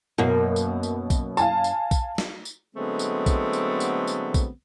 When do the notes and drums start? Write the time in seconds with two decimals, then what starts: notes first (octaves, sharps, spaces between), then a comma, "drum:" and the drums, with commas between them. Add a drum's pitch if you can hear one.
0.18 F#2 B2 A#3
0.56 drum: tambourine
0.83 drum: tambourine
1.10 drum: kick A#1, tambourine
1.37 F5 G#5 A5, drum: tambourine
1.64 drum: tambourine
1.91 drum: kick A#1, tambourine
2.18 drum: snare
2.45 drum: tambourine
2.75 D3 F#3 G#3 A3 B3 C4
2.99 drum: tambourine
3.26 drum: kick A#1, tambourine
3.53 drum: tambourine
3.80 drum: tambourine
4.07 drum: tambourine
4.34 drum: kick A#1, tambourine